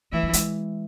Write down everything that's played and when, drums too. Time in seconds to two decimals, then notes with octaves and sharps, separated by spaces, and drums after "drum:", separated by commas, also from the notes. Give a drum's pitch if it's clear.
0.12 E3 A3 E4
0.23 F#3
0.33 G#3, drum: hi-hat